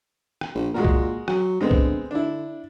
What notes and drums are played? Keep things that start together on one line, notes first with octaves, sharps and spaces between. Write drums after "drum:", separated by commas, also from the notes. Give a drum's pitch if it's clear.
drum: rim click
A#1
A#2 G#3 F#4 A#4
drum: kick C2
F#3, drum: rim click
D3 G#3 B3 C4
drum: kick C2
D3 D4 E4